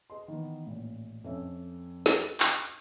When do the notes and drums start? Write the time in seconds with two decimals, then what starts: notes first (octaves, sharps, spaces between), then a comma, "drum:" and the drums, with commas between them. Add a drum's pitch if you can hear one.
0.10 G#4 D#5 C6
0.28 D#3 E3 B3
0.66 A1 A#2
1.24 F2 C#4 E5
2.06 drum: snare
2.40 D#5 D6 D#6, drum: clap